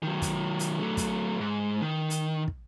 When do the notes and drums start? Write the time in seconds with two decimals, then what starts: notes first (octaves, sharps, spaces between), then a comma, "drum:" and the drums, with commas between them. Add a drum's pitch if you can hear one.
0.03 D#3 F#3
0.22 drum: kick, hi-hat
0.59 drum: hi-hat
0.80 F#3 A3
0.97 drum: kick, hi-hat
1.40 G#2
1.81 D#3
2.10 drum: hi-hat
2.48 drum: kick